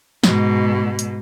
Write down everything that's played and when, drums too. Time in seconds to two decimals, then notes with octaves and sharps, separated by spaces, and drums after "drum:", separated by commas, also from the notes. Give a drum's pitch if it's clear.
0.24 G#2 B2, drum: snare
0.99 drum: hi-hat